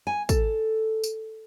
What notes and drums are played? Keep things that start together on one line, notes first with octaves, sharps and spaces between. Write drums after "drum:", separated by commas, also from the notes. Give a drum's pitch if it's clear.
G#5
A4, drum: kick, tambourine
drum: tambourine